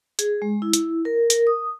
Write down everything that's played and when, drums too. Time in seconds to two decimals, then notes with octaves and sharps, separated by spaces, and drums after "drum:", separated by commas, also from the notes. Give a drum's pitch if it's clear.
0.19 G#4, drum: hi-hat
0.42 G#3
0.62 E4
0.73 drum: hi-hat
1.05 A#4
1.30 A#4, drum: hi-hat
1.47 D#6